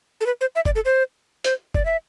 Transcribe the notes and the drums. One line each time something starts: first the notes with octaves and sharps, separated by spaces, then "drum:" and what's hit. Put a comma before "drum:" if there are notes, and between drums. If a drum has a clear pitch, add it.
A4
B4
C5
E5
D5, drum: kick
A4
C5
C5, drum: hi-hat
D5, drum: kick
E5